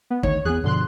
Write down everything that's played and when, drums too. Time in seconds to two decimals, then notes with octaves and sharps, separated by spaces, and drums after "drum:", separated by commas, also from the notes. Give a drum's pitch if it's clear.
0.10 B3
0.23 D2 D#3 C#5, drum: kick
0.45 E2 B3 G#4 F#6
0.64 G2 B2 D3 F3 C6 F#6